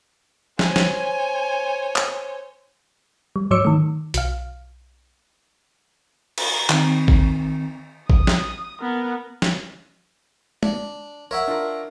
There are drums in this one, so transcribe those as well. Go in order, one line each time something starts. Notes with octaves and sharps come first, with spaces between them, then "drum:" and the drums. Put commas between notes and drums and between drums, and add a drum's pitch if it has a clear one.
C5 C#5 G#5, drum: snare
drum: snare
drum: clap
G3
G#2 F#3 C#5 D6 E6 C#7
D#3 A3
B1 F5, drum: hi-hat
drum: cymbal
D#3 C4, drum: clap
drum: kick
D#6, drum: kick
drum: snare
B3 A#4
drum: snare
D4, drum: tom
A#4 C#5 E5 F#5
D4 F4 A#4